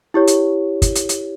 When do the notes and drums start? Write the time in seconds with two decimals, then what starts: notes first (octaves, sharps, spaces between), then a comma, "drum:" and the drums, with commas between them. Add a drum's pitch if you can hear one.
0.14 E4 G4 C#5
0.27 drum: hi-hat
0.82 drum: kick, hi-hat
0.95 drum: hi-hat
1.09 drum: hi-hat